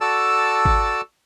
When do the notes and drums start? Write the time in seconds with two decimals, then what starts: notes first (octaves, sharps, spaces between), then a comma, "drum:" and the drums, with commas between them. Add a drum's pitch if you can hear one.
0.01 F#4 A4 D5 A5 E6
0.65 drum: kick G#1